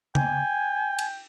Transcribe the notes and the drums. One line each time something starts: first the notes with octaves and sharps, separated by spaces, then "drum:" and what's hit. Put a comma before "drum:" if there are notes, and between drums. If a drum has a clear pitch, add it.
G5 G#5, drum: tom C#3
drum: cymbal